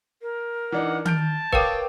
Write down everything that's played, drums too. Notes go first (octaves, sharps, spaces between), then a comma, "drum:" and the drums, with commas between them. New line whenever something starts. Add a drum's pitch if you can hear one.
A#4
E3 D4 D#4 F#5
A5 F6 G6 D7, drum: tom D#3
A#4 B4 C#5 F5 G5 D6, drum: kick C#1